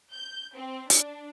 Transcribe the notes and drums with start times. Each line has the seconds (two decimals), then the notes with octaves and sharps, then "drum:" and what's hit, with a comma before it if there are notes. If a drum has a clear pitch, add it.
0.13 G6
0.57 C4
0.90 D4, drum: hi-hat